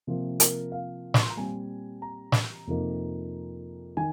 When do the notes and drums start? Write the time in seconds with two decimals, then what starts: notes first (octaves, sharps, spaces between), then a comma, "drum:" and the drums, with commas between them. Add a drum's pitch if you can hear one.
0.07 C3 F3 A#3 F4
0.40 A#4, drum: hi-hat
0.72 F5
1.14 C#6, drum: snare
1.22 C6
1.30 A#5
1.37 A#2 G3 C4 G#5
2.02 A#5
2.32 drum: snare
2.67 F2 C3 F3 A#3 D#4
3.97 D#3 G#5